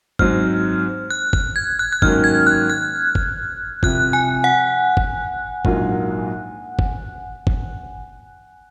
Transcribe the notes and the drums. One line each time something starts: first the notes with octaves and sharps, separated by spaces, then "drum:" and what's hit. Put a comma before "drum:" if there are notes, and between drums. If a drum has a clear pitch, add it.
G#2 F#3 C4 F6, drum: kick
F#6
F#6, drum: kick
G#6
F#6
F#6
G#2 D#3 F#3 A#3 C#4 F6, drum: kick
G#6
F#6
F#6
drum: kick
C2 C3 F3 F#6, drum: kick
G#5
F#5
drum: kick
A#1 G#2 F#3 A#3 F4, drum: kick
drum: kick
drum: kick